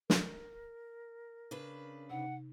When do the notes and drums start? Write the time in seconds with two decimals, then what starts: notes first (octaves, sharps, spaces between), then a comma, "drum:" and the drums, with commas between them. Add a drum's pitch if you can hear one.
0.10 A#4, drum: snare
1.51 C#3 D4 B4
2.10 C3 D#4 F#5